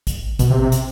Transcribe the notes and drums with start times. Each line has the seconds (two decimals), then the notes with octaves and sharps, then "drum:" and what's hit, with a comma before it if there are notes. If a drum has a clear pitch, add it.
0.07 drum: kick A1, hi-hat
0.39 B2, drum: kick A1, hi-hat
0.50 C3
0.62 C3
0.72 drum: hi-hat